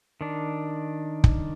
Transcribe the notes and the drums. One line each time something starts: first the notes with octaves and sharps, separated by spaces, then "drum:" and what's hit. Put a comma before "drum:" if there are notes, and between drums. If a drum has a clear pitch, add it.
D#3 D4
drum: kick